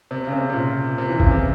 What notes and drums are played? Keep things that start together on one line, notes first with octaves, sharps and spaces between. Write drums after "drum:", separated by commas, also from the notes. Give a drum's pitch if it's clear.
C3
C#3
C3
C3
A#2
C3
E3
C#3, drum: kick G1
C3